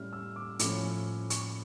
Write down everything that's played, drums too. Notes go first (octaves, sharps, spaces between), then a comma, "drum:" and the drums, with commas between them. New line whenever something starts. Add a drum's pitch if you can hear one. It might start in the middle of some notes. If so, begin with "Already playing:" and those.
Already playing: A2 G3 C#4 E4 F6
E6
D6
A2 F3 C#4 D6, drum: hi-hat
C#6, drum: hi-hat